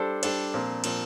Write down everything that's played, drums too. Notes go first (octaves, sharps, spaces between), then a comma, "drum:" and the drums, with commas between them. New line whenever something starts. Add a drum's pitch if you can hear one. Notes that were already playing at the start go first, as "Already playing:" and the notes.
Already playing: G3 D4 A4 C5
G3 D4 A4 C5, drum: cymbal
A#2 F3 C4
A#2 F3 C4, drum: cymbal